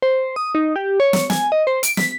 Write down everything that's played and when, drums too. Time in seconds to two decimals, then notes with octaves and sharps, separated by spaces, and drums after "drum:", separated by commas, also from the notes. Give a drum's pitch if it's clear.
0.02 C5
0.36 D#6
0.55 D#4
0.76 G4
1.00 C#5
1.13 drum: snare
1.30 G#5, drum: snare
1.52 D#5
1.67 C5
1.83 D7, drum: hi-hat
1.97 B6, drum: snare